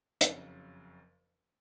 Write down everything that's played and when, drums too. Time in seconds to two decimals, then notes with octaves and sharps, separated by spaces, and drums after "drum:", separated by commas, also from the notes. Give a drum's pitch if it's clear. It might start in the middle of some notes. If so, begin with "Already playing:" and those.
0.21 F#1 F2 C#3 F#3, drum: hi-hat